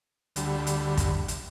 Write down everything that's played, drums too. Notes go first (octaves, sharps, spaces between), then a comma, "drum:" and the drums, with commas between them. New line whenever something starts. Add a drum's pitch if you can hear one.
D2 D3 G3, drum: hi-hat
drum: hi-hat
drum: kick, hi-hat
drum: hi-hat